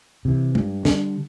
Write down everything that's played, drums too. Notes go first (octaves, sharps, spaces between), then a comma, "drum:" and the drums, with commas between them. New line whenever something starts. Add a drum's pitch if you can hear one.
C3 E3
G2, drum: tom G#3
D3 G3 D4, drum: snare